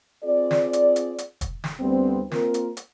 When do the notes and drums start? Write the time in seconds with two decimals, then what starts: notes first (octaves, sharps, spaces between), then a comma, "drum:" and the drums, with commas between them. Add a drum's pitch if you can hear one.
0.24 C4 F4 G#4 D5
0.51 drum: snare
0.73 drum: hi-hat
0.96 drum: hi-hat
1.18 drum: hi-hat
1.41 drum: kick, hi-hat
1.64 drum: snare
1.81 D2 G3 A3 B3 C4
2.31 A#3 C4 F4 A#4, drum: snare
2.54 drum: hi-hat
2.77 drum: hi-hat